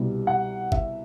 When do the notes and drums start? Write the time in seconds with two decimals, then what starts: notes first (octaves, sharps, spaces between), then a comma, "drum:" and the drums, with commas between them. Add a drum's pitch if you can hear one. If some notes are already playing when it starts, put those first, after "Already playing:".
Already playing: C2 B2 G3
0.27 F#5
0.72 E5, drum: kick